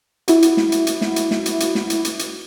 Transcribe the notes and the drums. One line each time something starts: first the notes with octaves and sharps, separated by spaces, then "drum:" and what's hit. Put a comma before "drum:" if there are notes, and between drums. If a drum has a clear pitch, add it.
E4 F#4, drum: hi-hat
drum: hi-hat
drum: snare
drum: hi-hat
drum: hi-hat
drum: snare
drum: hi-hat
drum: snare
drum: hi-hat
drum: hi-hat
drum: snare
drum: hi-hat
drum: hi-hat
drum: hi-hat